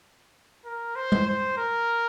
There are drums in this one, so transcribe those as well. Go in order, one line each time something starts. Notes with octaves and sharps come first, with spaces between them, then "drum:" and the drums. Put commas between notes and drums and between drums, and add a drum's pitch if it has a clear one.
A#4
C5
drum: tom G#3
C5
A#4